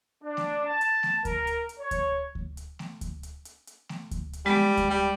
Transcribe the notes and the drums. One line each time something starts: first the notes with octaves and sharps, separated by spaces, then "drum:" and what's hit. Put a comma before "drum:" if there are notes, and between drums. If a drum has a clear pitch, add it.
D4
drum: snare A3
A5
drum: hi-hat
drum: snare A3
A#4, drum: kick D2, hi-hat
drum: hi-hat
drum: hi-hat
C#5
drum: kick D2, hi-hat
drum: kick D2
drum: hi-hat
drum: snare A3
drum: kick D2, hi-hat
drum: hi-hat
drum: hi-hat
drum: hi-hat
drum: snare A3
drum: kick D2, hi-hat
drum: hi-hat
G3 G#3 B3
drum: snare A3
drum: kick D2, hi-hat
G3